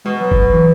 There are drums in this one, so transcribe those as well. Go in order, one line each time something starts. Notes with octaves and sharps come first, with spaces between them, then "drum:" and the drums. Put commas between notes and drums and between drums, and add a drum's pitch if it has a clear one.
B2 G#3
F#3
drum: kick
E3